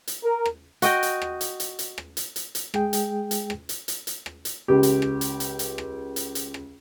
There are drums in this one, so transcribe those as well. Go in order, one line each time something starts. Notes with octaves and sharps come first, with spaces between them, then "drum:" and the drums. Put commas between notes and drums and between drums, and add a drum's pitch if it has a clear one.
drum: hi-hat
A#4
drum: rim click
F#4 D#5 G5, drum: hi-hat
drum: hi-hat
drum: rim click
drum: hi-hat
drum: hi-hat
drum: hi-hat
drum: rim click
drum: hi-hat
drum: hi-hat
drum: hi-hat
G#3 G#4 G5, drum: rim click
drum: hi-hat
drum: hi-hat
drum: rim click
drum: hi-hat
drum: hi-hat
drum: hi-hat
drum: rim click
drum: hi-hat
C#2 G4
drum: hi-hat
drum: rim click
drum: hi-hat
drum: hi-hat
drum: hi-hat
drum: rim click
drum: hi-hat
drum: hi-hat
drum: rim click